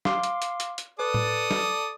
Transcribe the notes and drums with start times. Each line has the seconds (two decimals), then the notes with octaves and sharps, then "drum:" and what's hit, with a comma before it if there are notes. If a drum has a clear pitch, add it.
0.05 F5 C6 D6, drum: snare
0.23 drum: hi-hat
0.42 drum: hi-hat
0.60 drum: hi-hat
0.78 drum: hi-hat
0.99 A4 B4 D5 D#6
1.14 drum: tom A2
1.51 drum: snare